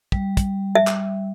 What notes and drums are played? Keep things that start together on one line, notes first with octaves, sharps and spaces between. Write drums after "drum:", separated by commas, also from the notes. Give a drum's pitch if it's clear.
G3, drum: kick
drum: kick, hi-hat
E5
drum: clap